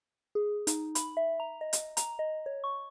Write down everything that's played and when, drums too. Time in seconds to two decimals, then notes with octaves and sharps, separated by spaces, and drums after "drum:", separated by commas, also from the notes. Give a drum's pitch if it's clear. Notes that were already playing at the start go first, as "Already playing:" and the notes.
0.35 G#4
0.67 D#4, drum: hi-hat
0.95 B5, drum: hi-hat
1.17 E5
1.40 A#5
1.61 D#5
1.73 drum: hi-hat
1.97 A#5, drum: hi-hat
2.19 D#5
2.46 C#5
2.64 C#6